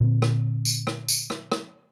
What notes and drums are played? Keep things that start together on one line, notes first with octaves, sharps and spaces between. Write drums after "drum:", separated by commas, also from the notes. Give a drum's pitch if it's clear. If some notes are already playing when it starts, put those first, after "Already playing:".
A#2 D3 C4
drum: rim click
drum: tambourine
drum: rim click
drum: tambourine
drum: rim click
drum: rim click